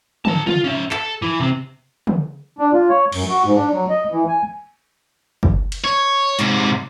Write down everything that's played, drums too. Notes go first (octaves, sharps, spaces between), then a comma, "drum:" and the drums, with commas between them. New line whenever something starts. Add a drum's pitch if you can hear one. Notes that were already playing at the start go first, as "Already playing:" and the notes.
A#4 A5, drum: tom
F4, drum: tom
C#4 E5
A4, drum: clap
E3
C3 C4
drum: tom
D4
F4
C#5
F#2, drum: cymbal
F#4
G#2
D4
F#3
D#5
E3
G#5
drum: kick F#1
drum: cymbal
C#5
G#2 C3, drum: hi-hat